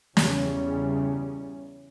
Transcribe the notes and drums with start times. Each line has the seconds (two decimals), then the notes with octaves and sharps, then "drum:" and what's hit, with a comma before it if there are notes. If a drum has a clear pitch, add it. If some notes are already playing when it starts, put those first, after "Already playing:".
0.17 E2 C#3 G3 C#4, drum: snare